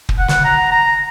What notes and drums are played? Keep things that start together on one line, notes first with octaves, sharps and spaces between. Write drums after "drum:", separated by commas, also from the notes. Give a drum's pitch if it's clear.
drum: kick
F#5
drum: snare
A#5
A#5